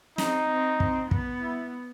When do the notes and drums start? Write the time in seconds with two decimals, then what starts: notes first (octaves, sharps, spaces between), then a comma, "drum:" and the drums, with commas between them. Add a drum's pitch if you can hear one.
0.18 C4 D#4, drum: snare
0.49 C4
0.80 C4, drum: kick
1.11 B3, drum: kick
1.42 E4